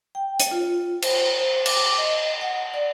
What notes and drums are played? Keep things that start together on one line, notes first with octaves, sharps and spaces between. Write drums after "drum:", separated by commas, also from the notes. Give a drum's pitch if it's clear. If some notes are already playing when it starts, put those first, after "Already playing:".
G5
drum: hi-hat
F4
C5, drum: cymbal
C5
D6, drum: cymbal
D#5
F#5
D5